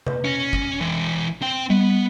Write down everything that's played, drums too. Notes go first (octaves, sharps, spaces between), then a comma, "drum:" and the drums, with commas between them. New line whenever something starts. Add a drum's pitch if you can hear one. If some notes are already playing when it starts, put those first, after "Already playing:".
B4, drum: tom C3
C#4 A#6 C#7
drum: kick
E3 G#3
C4 G5
G3 B3